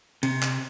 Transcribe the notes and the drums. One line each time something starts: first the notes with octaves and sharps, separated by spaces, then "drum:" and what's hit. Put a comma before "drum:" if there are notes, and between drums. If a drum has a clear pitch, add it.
C3, drum: cymbal
drum: clap